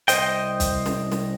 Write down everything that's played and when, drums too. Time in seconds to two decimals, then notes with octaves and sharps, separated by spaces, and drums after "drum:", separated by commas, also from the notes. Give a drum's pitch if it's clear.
0.08 C2 C5 D#5 G5, drum: hi-hat
0.60 drum: kick, hi-hat
0.86 drum: snare
1.12 drum: snare